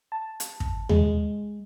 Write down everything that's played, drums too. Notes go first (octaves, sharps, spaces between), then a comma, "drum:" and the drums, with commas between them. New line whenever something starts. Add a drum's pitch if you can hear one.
A5
drum: hi-hat
drum: kick
G#3, drum: tom D#2